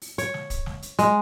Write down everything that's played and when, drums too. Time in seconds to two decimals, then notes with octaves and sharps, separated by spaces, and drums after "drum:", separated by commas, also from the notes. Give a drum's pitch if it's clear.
0.02 drum: open hi-hat
0.18 C#5, drum: hi-hat
0.34 drum: snare
0.50 drum: kick, hi-hat
0.66 drum: snare
0.82 drum: hi-hat
0.99 G#3, drum: hi-hat